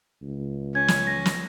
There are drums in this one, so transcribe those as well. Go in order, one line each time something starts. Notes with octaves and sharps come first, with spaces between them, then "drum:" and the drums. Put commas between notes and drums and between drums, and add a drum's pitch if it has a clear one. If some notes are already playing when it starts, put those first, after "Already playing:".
C#2
C#4 G#6
drum: snare
A#6
drum: snare